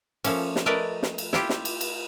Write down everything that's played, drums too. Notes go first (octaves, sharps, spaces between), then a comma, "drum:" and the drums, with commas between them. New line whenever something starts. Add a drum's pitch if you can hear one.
F3 A3 A#3 C#4, drum: cymbal
drum: snare
A3 A#4 B4 D5 D#5
drum: snare
drum: cymbal
E4 F4 G4, drum: snare
drum: snare
drum: cymbal
drum: cymbal